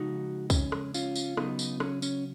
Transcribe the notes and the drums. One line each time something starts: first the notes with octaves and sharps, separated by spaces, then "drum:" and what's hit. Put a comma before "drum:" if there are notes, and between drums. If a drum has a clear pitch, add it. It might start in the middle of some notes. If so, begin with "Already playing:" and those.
Already playing: C#3 F3 G#3 D#4 F#4
C#4, drum: kick, tambourine
drum: rim click
C#4 F4, drum: tambourine
drum: tambourine
C#3 F#3 B3 D#4, drum: rim click
drum: tambourine
C#4, drum: rim click
C#4, drum: tambourine